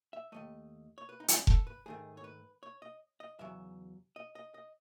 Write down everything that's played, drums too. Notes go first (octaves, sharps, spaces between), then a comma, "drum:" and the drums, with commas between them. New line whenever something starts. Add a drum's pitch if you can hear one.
E5
D#2 D#3 A3 D#5
C#5
B4
D#4
C#4, drum: hi-hat
A4, drum: kick F1
B4
G#2 D#3 A3 G#4
C#5
B4
C#5
D#5
D#5
E2 C#3 F#3 E5
D#5
D#5
D#5